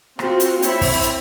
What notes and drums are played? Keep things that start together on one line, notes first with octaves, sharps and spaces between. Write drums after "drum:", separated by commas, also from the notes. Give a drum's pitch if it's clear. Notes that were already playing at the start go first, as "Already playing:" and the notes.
C4 F4 F#4, drum: rim click
drum: hi-hat
C4 E4 C#5 E5 B5, drum: hi-hat
drum: kick, open hi-hat
drum: hi-hat